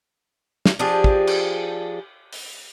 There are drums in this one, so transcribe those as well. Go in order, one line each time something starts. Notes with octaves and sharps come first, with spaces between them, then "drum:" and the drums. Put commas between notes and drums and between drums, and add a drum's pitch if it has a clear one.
drum: snare
F3 D4 G4 G#4
drum: kick
drum: cymbal
drum: open hi-hat